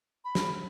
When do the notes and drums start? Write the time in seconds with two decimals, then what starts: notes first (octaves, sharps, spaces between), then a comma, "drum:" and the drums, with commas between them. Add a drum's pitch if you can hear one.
0.25 B5
0.35 drum: snare